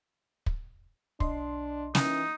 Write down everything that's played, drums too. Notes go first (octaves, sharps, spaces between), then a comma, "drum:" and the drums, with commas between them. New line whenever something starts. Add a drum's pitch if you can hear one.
drum: kick
B1 D4 D#5 C6, drum: kick
E3 C#4 D#4, drum: snare